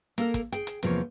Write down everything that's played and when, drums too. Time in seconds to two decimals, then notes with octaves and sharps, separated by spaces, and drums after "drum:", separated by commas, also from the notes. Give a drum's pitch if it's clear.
0.18 A#3 A4 A#4, drum: hi-hat
0.34 drum: kick, hi-hat
0.52 G#4 G5, drum: hi-hat
0.67 drum: hi-hat
0.83 E2 C3 F3 A#3 C#5, drum: hi-hat